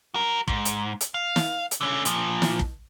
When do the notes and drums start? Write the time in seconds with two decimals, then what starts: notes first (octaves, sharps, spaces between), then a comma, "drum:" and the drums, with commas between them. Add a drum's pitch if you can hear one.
0.14 F#4 A#4
0.48 G#2, drum: kick
0.65 drum: hi-hat
1.01 drum: hi-hat
1.14 F5
1.36 drum: snare
1.71 drum: hi-hat
1.81 D3 C#4
2.05 A#2 F3, drum: hi-hat
2.42 drum: snare
2.59 drum: kick